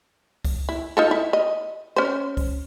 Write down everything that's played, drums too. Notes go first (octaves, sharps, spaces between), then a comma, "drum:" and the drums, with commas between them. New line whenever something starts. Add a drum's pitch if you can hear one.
drum: kick C2, open hi-hat
E4
D#4 F4 A4
E4
D#5
C#4 C5
drum: kick C2, open hi-hat